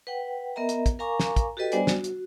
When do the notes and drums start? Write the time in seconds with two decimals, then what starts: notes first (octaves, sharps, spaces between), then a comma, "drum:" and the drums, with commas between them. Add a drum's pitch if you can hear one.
0.07 B4 F#5 G5
0.56 B3 A#4 D#5 E5 A#5
0.69 drum: hi-hat
0.86 drum: kick, hi-hat
0.99 A#4 F5 G#5 A#5 C#6 D6
1.20 drum: snare
1.36 drum: kick, hi-hat
1.57 F#4 G4 A4 B4 D#5 G5
1.72 G3 B3 D4 C5 D5 G#5, drum: hi-hat
1.87 F#4, drum: snare
2.04 drum: hi-hat